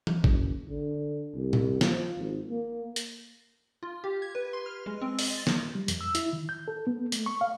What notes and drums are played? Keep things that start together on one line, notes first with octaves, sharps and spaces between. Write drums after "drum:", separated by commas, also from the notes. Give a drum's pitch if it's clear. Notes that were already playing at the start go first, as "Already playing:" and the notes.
drum: tom
F#1, drum: kick G#1
D3
C2
drum: tom A#2
F3, drum: snare
G#1
A#3
drum: hi-hat
F4
G4
G#6
B4
C6
F6
G#3
C4
D#5, drum: open hi-hat
A6
drum: snare
G3
F2, drum: hi-hat
E6
E4, drum: hi-hat
D#3
G6
A4
B3
A3, drum: hi-hat
C#6
F5